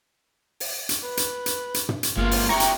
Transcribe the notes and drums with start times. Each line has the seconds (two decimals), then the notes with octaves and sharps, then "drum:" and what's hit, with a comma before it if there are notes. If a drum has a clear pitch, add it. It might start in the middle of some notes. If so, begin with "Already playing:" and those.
0.60 drum: open hi-hat
0.89 drum: hi-hat
1.03 B4
1.17 drum: hi-hat
1.46 drum: hi-hat
1.74 drum: hi-hat
1.89 drum: tom
2.03 drum: hi-hat
2.17 G1 G#3 A#3 F4
2.31 drum: open hi-hat
2.49 E4 G4 G5 A#5 C#6
2.60 drum: hi-hat